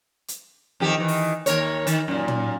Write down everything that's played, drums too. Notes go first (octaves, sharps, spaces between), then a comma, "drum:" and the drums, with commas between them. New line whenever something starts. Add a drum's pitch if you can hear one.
drum: hi-hat
F2 D#3 G4
D#3 E3
drum: open hi-hat
D#2 A#4 C#5, drum: hi-hat
D#3, drum: hi-hat
F#2 A#2
drum: tom